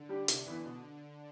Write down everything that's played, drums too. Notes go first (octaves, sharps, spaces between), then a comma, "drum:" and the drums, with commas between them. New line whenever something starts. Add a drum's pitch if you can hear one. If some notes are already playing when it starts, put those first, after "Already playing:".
Already playing: D3
G3 D4 G4
C3, drum: hi-hat
E3 B3 E4 B4
B2